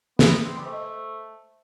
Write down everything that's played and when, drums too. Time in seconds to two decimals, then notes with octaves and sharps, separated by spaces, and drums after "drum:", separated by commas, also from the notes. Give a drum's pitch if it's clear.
0.19 B3 B4, drum: snare
0.42 C4
0.58 G3
0.65 A3 C5
0.72 D#5
0.80 C5